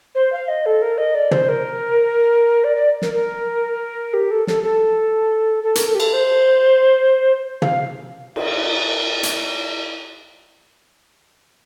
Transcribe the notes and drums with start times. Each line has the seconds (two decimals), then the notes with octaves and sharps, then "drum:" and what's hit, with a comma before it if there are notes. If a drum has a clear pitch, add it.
0.15 C5
0.32 F5
0.48 D#5
0.66 A4
0.82 A#4
0.98 D#5
1.15 D5
1.31 C5, drum: tom
1.49 A#4
2.64 D5
2.76 D5
3.02 A#4, drum: snare
3.14 A#4
4.14 G4
4.31 A4
4.47 A4, drum: snare
4.63 A4
5.63 A4
5.75 A#4, drum: hi-hat
5.88 A4
5.95 G4
6.00 A4, drum: cymbal
6.13 C5
7.62 F5, drum: tom
8.36 drum: cymbal
9.23 drum: hi-hat